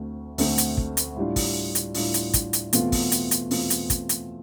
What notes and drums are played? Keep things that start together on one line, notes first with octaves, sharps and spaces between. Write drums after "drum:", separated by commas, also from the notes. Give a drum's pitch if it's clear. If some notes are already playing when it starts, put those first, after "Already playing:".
Already playing: D2 D3 A3 C4
D2 D3 A3 C4, drum: open hi-hat
drum: hi-hat
drum: kick
drum: hi-hat
A2 G3 D4 F4
drum: kick, open hi-hat
drum: hi-hat
A2 G3 D4 F4, drum: open hi-hat
drum: hi-hat
drum: kick, hi-hat
drum: hi-hat
E2 B2 A3 C4 F4, drum: hi-hat
drum: kick, open hi-hat
drum: hi-hat
drum: hi-hat
E2 B2 A3 C4 F4, drum: open hi-hat
drum: hi-hat
drum: kick, hi-hat
drum: hi-hat